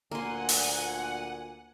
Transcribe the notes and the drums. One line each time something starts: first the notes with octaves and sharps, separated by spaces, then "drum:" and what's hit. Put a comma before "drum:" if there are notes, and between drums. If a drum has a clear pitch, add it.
D2 A#2 A#3 F#5 G#5 C6
drum: open hi-hat